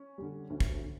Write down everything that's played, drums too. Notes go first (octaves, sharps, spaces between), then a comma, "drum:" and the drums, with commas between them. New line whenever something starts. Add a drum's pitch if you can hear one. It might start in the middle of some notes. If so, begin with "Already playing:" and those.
Already playing: C#4
D3 G3
D2
drum: kick
D3